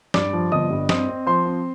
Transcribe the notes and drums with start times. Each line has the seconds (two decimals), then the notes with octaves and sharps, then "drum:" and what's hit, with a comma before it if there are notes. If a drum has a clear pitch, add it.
0.14 G2 D5 D6, drum: snare
0.33 F3
0.52 G1 D#5 D#6
0.70 G2
0.89 C4 D#5 D#6, drum: snare
1.08 C4
1.27 F3 C5 C6
1.45 C4